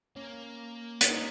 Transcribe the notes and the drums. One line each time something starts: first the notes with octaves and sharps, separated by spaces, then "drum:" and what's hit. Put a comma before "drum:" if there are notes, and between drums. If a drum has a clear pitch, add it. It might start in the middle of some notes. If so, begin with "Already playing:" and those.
A#3 C#4
C#4, drum: hi-hat
D#4